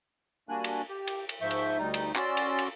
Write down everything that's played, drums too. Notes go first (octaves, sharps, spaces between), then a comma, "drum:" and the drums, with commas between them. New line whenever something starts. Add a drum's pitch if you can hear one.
G3 A#3 D4 F#4 G#5 F#6
drum: cymbal
G4
drum: cymbal
drum: cymbal
G#2 F3 E5 C#6 G6
drum: cymbal
D2 G3 D#4
drum: cymbal
C#4 F#4 D5 C6 E6, drum: clap
drum: cymbal
drum: cymbal